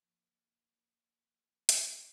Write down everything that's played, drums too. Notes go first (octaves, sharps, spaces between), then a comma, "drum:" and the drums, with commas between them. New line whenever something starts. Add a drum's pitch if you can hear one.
F3 A3 A#3 E4
drum: hi-hat